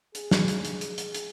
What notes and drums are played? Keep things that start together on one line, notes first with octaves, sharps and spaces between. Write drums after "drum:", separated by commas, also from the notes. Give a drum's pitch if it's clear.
G#4, drum: hi-hat
drum: snare
drum: hi-hat
drum: hi-hat
drum: hi-hat
drum: hi-hat
drum: hi-hat